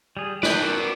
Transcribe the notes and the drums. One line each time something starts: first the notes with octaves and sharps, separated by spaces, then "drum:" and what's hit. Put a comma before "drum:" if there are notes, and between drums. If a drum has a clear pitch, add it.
G3 G#4
D#4 B4 D5 G5, drum: snare
B3 F#4 A4 A#4 D5